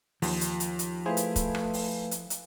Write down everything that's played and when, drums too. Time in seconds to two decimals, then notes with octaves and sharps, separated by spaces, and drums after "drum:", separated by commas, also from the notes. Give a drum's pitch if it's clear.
0.22 D#2 F3, drum: open hi-hat
0.41 drum: hi-hat
0.60 drum: hi-hat
0.79 drum: hi-hat
1.06 A3 E4 G#4 B4 C5 F5
1.17 drum: hi-hat
1.36 drum: kick, hi-hat
1.55 drum: rim click
1.74 drum: open hi-hat
2.11 drum: hi-hat
2.30 drum: hi-hat